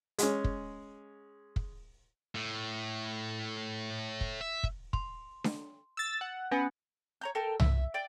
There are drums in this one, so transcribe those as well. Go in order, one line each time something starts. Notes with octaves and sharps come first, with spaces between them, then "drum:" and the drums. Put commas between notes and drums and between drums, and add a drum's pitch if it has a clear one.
G#3 C#4, drum: hi-hat
drum: kick
drum: kick
A2
drum: kick
E5
drum: kick
C6, drum: kick
drum: snare D4
E6 A6
F#5
B3 C#4 G#5
C#5 A#5 G6
A4 A#4 G5 A5
E5, drum: tom C2
D5 G5